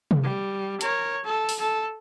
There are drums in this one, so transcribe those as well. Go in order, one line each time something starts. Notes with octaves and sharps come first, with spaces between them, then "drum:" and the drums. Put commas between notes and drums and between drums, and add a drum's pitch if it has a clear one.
drum: tom C3
G3
A#4 C#5, drum: hi-hat
A4
drum: open hi-hat
A4